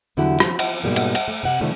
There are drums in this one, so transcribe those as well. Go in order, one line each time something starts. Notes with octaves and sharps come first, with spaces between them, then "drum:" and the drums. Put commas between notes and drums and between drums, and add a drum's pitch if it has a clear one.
E2 D3 F#3 E4 G4 F#5
F3 C4, drum: rim click
drum: cymbal
G#2 B2 G3 G#3 A#3
drum: cymbal
drum: cymbal
A3
C3 F#5
C3 D#3 F3 G3 A3